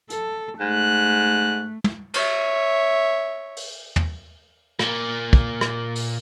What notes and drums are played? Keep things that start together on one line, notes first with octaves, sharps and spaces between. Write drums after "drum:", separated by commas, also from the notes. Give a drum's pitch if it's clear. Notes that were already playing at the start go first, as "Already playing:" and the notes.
A4, drum: hi-hat
G#2 A3 F#6
drum: tom
C#5 E5, drum: cymbal
drum: open hi-hat
drum: tom
A#2 A#3, drum: rim click
drum: kick
drum: rim click
drum: open hi-hat